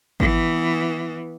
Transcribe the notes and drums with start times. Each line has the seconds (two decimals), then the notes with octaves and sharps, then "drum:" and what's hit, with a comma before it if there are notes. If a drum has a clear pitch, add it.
0.20 E3 B3, drum: kick G#1